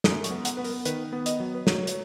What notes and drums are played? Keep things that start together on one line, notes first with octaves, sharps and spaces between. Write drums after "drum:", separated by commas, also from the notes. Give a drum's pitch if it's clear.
F#2 D#6, drum: snare
C#6, drum: hi-hat
B3
F#5, drum: hi-hat
B3 B4
A#4, drum: open hi-hat
D#3 B4, drum: hi-hat
B3
D#5, drum: hi-hat
F#3
B4
F#3 C#5, drum: snare
drum: hi-hat